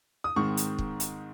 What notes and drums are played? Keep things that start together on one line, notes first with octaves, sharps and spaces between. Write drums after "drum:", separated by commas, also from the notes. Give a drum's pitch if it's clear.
D#6
G#2 D#3 G#3 C4 C#6
drum: hi-hat
drum: kick
drum: hi-hat